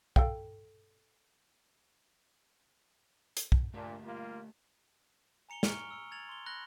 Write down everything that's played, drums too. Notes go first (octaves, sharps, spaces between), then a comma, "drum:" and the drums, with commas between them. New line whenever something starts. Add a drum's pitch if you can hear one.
A4 F5 G5, drum: kick
drum: hi-hat
drum: kick
A#2 A3 D4 G4 A#4
G3 A#3 F4
G#5 A#5 C#7 F7 G7
A#5 C#6 F6 C#7 D7 G7, drum: snare
E6 C#7
G#6 A6 F7 F#7
C6 G7
B5 F#6 A#6 F#7 G7